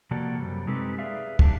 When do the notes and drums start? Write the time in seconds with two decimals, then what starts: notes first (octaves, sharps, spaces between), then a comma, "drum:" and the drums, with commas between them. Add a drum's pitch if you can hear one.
0.11 C3 F3 A#3 F#4 A4 D5
0.40 F#2 C3 G3
0.67 G#3 C4 D#4 G4 A4 B4
0.98 G#4 B4 D5 E5 F5
1.39 D4 D#4 G4, drum: kick